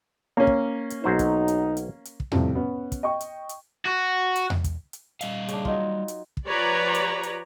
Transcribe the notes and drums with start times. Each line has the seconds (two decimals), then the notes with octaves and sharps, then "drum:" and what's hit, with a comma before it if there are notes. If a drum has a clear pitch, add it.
0.37 A#3 C#4 C#5
0.47 drum: kick
0.90 drum: hi-hat
1.04 B1 F#3 D#4 C5
1.19 drum: kick, hi-hat
1.48 drum: hi-hat
1.77 drum: hi-hat
2.05 drum: hi-hat
2.20 drum: kick
2.31 F2 A2 C3 G3, drum: tom E2
2.55 B3 C#4
2.92 drum: kick, hi-hat
3.03 D#5 G5 C#6
3.20 drum: hi-hat
3.49 drum: hi-hat
3.86 F#4
4.36 drum: hi-hat
4.50 drum: tom E2
4.64 drum: kick, hi-hat
4.93 drum: hi-hat
5.21 G3 D#5 F5, drum: hi-hat
5.48 C#3 D4, drum: hi-hat
5.65 F#3 D#4 F4, drum: kick
6.08 drum: hi-hat
6.37 drum: kick
6.48 F3 G4 B4 C#5 D5 A#5
6.95 drum: hi-hat
7.23 drum: hi-hat